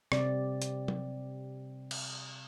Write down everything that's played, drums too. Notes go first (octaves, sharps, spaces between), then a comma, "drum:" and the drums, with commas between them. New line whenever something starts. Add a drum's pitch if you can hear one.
C3 G3 C4 D5, drum: rim click
drum: hi-hat
drum: tom F#3
drum: cymbal